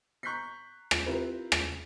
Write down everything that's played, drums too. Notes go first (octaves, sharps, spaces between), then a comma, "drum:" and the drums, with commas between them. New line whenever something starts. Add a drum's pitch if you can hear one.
A#5 C#6 F#6 G6 B6 C7
drum: rim click
C4 E4 F4 G4 A#4 B4
drum: rim click